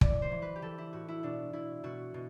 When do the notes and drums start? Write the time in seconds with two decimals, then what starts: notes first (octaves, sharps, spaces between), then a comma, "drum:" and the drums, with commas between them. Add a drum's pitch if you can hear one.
0.01 E3 D5, drum: kick
0.22 C5
0.32 E3
0.42 B4
0.56 G4
0.62 E3 A4
0.78 E4
0.93 A2 F#4
1.08 E4
1.23 B2 D4
1.53 B2 E4
1.84 B2 F#4
2.14 B2